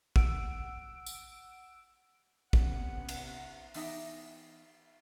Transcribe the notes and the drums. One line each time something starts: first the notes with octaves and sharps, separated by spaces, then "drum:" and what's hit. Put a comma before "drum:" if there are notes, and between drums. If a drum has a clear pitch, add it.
F#5 E6 D7, drum: kick
drum: tambourine
C3 B3 C#4 F#5, drum: kick
drum: cymbal
E3 B3 D#4 E5 G5, drum: open hi-hat